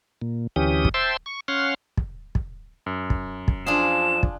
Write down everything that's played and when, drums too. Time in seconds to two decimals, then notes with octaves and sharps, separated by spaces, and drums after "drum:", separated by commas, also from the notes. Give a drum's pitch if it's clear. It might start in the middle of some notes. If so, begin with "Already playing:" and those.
0.22 A#2
0.56 D2 E3 C#4 G4 D#6
0.85 drum: kick
0.94 C5 E5 G5 A5 C6
1.26 C#6
1.48 C#4 C#5 F5 F#5 C6
1.97 drum: kick
2.35 drum: kick
2.86 F#2
3.10 drum: kick
3.48 drum: kick
3.67 F3 D4 F4 G#4 E7
4.23 drum: kick